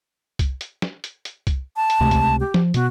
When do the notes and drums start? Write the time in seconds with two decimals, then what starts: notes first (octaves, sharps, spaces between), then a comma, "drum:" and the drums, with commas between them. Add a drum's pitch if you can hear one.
0.39 drum: kick C2, hi-hat
0.61 drum: hi-hat
0.82 drum: snare
1.04 drum: hi-hat
1.25 drum: hi-hat
1.47 drum: kick C2, hi-hat
1.76 A5
1.90 drum: hi-hat
2.00 C#2 C3 A3
2.11 drum: kick C2, hi-hat
2.40 G4
2.54 F3, drum: snare
2.74 B2 B3 F#4, drum: hi-hat